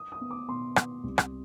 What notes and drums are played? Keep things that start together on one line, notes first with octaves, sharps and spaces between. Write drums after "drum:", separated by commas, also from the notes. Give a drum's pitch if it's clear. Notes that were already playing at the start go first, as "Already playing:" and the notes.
Already playing: D#6
D#6
B3
D6
B2 C6
B3, drum: rim click
C2
drum: rim click